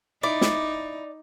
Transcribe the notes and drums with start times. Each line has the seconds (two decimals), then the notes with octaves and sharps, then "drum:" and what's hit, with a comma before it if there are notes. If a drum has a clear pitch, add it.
0.23 D#4 E4 D5
0.41 drum: snare